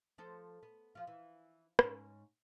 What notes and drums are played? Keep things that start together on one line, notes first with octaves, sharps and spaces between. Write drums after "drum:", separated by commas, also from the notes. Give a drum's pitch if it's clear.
F3 A4 C5
B3
F3 F4
E3
G#2 C#4, drum: rim click